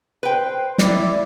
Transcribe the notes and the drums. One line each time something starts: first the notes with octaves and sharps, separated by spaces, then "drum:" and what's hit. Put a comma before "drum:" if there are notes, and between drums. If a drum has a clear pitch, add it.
B4 C5 G5
E4 D5 D6, drum: snare